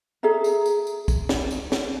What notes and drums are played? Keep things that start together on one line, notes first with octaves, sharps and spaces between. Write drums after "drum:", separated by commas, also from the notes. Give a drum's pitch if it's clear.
G#4 A4 E5 A#5
drum: tambourine
drum: tambourine
drum: tambourine
drum: kick, tambourine
drum: snare
drum: tambourine
drum: snare